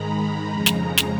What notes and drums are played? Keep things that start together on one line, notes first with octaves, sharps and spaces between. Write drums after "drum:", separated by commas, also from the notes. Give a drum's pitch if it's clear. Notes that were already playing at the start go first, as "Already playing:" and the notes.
Already playing: G#2 D#3 G#3 A#5 B5
F2 C#3 F3 G#3 A#5
drum: snare
drum: snare